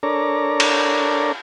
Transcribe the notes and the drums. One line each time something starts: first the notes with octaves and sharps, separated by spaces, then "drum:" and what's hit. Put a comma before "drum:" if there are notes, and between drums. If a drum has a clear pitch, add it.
D4 A4 A#4 C#5 D5 A#5
drum: cymbal